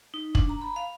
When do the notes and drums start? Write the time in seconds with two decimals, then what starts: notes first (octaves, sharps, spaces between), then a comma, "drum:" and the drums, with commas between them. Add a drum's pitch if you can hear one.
0.14 D#4
0.35 D4, drum: kick
0.49 A#5
0.62 B5
0.76 F5